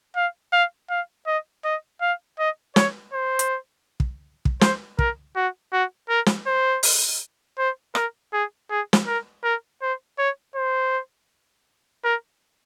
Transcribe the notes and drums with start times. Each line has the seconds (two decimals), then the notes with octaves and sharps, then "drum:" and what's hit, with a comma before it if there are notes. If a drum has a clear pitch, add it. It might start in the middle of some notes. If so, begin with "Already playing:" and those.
0.16 F5
0.53 F5
0.90 F5
1.27 D#5
1.64 D#5
2.02 F5
2.39 D#5
2.76 C#5, drum: snare
3.13 C5
3.39 drum: hi-hat
4.00 drum: kick
4.45 drum: kick
4.61 C5, drum: snare
4.99 A#4, drum: kick
5.36 F#4
5.73 F#4
6.09 A#4
6.26 drum: snare
6.47 C5
6.83 drum: open hi-hat
7.58 C5
7.95 A#4, drum: rim click
8.33 G#4
8.70 G#4
8.93 drum: snare
9.07 A#4
9.44 A#4
9.82 C5
10.19 C#5
10.55 C5
12.04 A#4